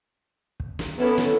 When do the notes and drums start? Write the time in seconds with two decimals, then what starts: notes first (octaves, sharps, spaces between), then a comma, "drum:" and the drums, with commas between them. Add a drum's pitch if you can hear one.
0.60 drum: kick
0.79 drum: snare
0.98 B3 C#4 E4 A4
1.18 drum: snare